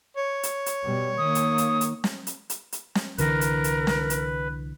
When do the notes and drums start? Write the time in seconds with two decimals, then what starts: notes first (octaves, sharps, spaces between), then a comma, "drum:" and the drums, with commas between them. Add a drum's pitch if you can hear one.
0.17 C#5
0.43 drum: hi-hat
0.66 drum: hi-hat
0.84 B2 G3
1.18 D#3 A#3 D#6
1.35 drum: hi-hat
1.58 drum: hi-hat
1.81 drum: hi-hat
2.04 drum: snare
2.27 drum: hi-hat
2.50 drum: hi-hat
2.72 drum: hi-hat
2.95 drum: snare
3.18 C2 D3 E3 A#4 B4, drum: hi-hat
3.41 drum: hi-hat
3.64 drum: hi-hat
3.87 drum: snare
4.10 drum: hi-hat